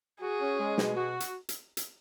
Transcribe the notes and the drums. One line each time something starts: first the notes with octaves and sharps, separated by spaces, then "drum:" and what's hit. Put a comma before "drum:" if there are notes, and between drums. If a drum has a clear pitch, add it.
F#4 G#4
C#4
G#3
B2, drum: snare
F#4
drum: hi-hat
drum: hi-hat
drum: hi-hat